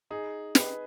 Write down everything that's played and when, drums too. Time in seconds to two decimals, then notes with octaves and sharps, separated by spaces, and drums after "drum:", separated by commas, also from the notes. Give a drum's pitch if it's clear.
0.10 D#4 G#4
0.55 B4 D#5, drum: snare